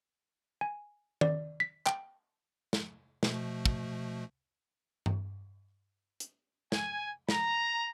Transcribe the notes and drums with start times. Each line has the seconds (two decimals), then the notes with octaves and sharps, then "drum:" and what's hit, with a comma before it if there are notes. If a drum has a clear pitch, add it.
0.61 G#5
1.21 D5, drum: tom D#3
1.60 B6
1.86 G5, drum: clap
2.73 drum: snare
3.23 B2 F3 A3, drum: snare
3.65 drum: kick
5.06 drum: tom G2
6.20 drum: hi-hat
6.72 G#5, drum: snare
7.29 A#5, drum: snare